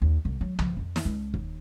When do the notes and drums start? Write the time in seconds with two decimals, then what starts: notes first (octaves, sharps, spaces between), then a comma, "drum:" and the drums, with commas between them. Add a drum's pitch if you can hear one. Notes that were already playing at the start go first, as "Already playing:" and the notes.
0.02 D#2
0.25 C2
0.41 F#3
0.59 F3, drum: tom
0.77 F2
0.96 drum: snare
1.05 C#2
1.34 D#2, drum: kick